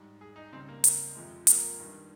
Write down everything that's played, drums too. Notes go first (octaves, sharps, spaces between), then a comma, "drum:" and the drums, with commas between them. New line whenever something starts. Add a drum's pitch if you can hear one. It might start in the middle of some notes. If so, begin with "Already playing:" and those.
Already playing: G#2 G3
G#4
D#4
C#2 C#3 G3 C4
A#3
drum: hi-hat
F2 C3 F3 G#3
A#3, drum: hi-hat
G2 D#3 G3